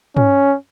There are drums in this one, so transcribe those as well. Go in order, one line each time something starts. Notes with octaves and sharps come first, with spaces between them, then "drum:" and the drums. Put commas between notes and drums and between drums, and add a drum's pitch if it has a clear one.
C#4, drum: tom